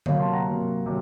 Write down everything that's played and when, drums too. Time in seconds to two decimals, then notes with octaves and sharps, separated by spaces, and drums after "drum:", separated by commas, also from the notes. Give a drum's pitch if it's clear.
0.06 C3 F#3 A#3 C#5 F5, drum: tom D3
0.20 A5 C6
0.32 F#5 A#5
0.46 C3 F#3 A#3
0.86 C3 F#3